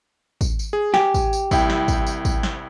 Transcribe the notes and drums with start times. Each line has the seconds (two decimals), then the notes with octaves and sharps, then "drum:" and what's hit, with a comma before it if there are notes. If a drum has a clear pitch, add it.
0.41 drum: kick, tambourine
0.59 drum: tambourine
0.73 G#4
0.94 G4 G#5, drum: snare
1.14 drum: kick, tambourine
1.33 drum: tambourine
1.51 C2 E4 G5, drum: kick, tambourine
1.70 drum: snare
1.88 drum: kick, tambourine
2.06 drum: tambourine
2.25 drum: kick, tambourine
2.43 drum: snare